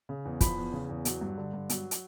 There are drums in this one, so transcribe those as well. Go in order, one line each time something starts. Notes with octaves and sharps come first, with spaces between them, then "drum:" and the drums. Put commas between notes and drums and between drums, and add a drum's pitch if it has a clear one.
C#3
E2
F3 B5, drum: kick, hi-hat
E2
C#3
E2
F#3, drum: hi-hat
G2
D3
G2
F#3, drum: hi-hat
drum: hi-hat